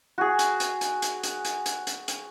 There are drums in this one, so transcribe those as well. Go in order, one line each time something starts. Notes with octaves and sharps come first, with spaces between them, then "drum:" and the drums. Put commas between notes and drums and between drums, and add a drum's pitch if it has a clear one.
F#4 G#4
drum: hi-hat
drum: hi-hat
drum: hi-hat
drum: hi-hat
drum: hi-hat
drum: hi-hat
drum: hi-hat
drum: hi-hat
drum: hi-hat